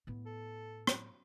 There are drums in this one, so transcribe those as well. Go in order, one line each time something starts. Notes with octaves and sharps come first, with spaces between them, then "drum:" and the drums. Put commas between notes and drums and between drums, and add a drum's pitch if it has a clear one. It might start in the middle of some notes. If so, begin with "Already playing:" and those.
A2 B3
A4
drum: rim click